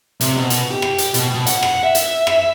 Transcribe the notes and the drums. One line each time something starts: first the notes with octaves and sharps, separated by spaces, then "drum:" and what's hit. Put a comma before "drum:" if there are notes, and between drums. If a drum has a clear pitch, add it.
C3, drum: hi-hat
B2
drum: hi-hat
G4
drum: rim click
drum: hi-hat
B2, drum: hi-hat
B2
F#5, drum: hi-hat
drum: rim click
E5
drum: hi-hat
drum: rim click